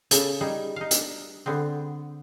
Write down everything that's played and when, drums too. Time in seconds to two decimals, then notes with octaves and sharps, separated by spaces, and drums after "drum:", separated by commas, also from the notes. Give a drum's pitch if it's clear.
0.11 C#3 A4, drum: hi-hat
0.41 G3 D#4 G#4
0.76 D#4 F5
0.91 D4 E5, drum: hi-hat
1.46 D3 B3 C4